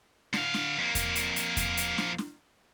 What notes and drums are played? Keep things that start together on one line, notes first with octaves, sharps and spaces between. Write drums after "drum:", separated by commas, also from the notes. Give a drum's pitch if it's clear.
D3 F5, drum: snare
drum: snare
F2 A#3
drum: kick E2, hi-hat
drum: hi-hat
drum: hi-hat
drum: kick E2, hi-hat
drum: hi-hat
drum: snare
drum: snare